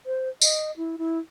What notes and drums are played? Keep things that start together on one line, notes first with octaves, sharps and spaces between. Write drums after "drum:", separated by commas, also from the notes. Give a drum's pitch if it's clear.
C5
D#5, drum: tambourine
E4
E4